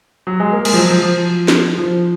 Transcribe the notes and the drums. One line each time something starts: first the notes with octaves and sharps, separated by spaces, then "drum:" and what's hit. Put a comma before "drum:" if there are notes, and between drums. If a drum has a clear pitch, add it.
F#3
G#3
A#3
G#3, drum: cymbal
F3
F#3
F3
F3
drum: snare
F3